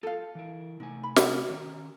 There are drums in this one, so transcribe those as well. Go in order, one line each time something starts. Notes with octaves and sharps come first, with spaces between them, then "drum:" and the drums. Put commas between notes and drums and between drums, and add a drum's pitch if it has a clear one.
F4 A4 F5 A5
E3 E4 A#4
C3 A3 D#4 G#5
B5
drum: snare
D#3 C#4 A#5